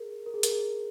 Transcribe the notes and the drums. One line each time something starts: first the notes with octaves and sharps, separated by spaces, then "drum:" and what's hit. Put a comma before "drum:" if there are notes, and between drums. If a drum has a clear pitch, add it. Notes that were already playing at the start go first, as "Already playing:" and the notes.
Already playing: G#4 A#4
A#4
G#4
A#4, drum: hi-hat
G#4